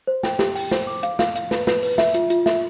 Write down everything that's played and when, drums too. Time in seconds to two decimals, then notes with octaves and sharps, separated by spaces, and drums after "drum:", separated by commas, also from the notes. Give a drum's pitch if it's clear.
0.07 C5
0.23 G5, drum: snare
0.39 G4, drum: snare
0.55 G5, drum: open hi-hat
0.71 C5, drum: snare
0.87 D6
1.03 F5, drum: hi-hat
1.19 F5, drum: snare
1.35 F5, drum: hi-hat
1.51 B4, drum: snare
1.67 B4, drum: snare
1.83 B4, drum: open hi-hat
1.98 E5, drum: snare
2.14 F4, drum: hi-hat
2.30 F4, drum: hi-hat
2.46 E5, drum: snare